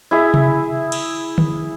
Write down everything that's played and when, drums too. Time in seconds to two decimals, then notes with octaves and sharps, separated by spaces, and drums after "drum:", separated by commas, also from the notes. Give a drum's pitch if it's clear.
0.11 E4 G#4 E5
0.34 drum: tom C3
0.92 drum: cymbal
1.38 drum: tom D3